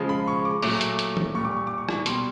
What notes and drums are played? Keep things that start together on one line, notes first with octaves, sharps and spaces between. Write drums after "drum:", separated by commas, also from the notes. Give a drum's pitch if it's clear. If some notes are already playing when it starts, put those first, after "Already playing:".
Already playing: C#3 F3 G#3
B5
C#6
D6
A#2 F#3 A3 D6, drum: open hi-hat
drum: hi-hat
drum: hi-hat
drum: tom
A#2 G3 C#6
D6
C#6
D6
C#6
drum: rim click
B2 G3 C6, drum: hi-hat